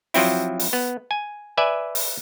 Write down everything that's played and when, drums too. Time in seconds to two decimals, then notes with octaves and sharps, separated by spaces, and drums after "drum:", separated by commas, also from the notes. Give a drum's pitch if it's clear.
0.14 F3 F#3 C4 E4, drum: open hi-hat
0.59 drum: open hi-hat
0.73 B3
1.11 G#5
1.58 B4 D5 E5 G#5
1.95 drum: open hi-hat